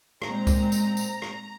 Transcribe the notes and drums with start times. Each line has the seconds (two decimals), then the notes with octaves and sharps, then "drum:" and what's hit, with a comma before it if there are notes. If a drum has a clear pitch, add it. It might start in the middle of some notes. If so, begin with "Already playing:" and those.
0.22 A#2 G#3 C4 A#5, drum: rim click
0.47 drum: kick, tambourine
0.72 drum: tambourine
0.97 drum: tambourine
1.22 drum: rim click